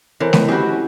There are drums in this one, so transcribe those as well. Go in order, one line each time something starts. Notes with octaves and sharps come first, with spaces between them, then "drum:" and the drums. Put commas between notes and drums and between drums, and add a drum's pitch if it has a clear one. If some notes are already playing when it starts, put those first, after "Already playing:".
E3 C4 A#4 C#5
E4 A4 B4 D#5, drum: snare A3
C4 C#4 F#4 G4 B5
A3 C#4 E4